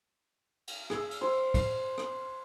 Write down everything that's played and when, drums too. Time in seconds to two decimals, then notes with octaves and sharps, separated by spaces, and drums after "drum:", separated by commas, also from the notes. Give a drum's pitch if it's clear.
0.67 drum: cymbal
0.90 G#4 E6, drum: rim click
1.11 drum: cymbal
1.21 C5
1.54 C7, drum: kick, cymbal
1.98 drum: rim click